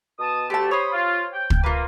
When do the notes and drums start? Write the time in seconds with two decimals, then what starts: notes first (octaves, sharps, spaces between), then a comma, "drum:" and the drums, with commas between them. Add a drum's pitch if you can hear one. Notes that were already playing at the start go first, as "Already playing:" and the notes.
0.19 B2 A5 D#6
0.50 D2 D3 A3 G4 A5
0.71 C5 C#5 B5 D#6
0.93 F4
1.33 G5
1.50 drum: kick
1.63 A#3 F4 B4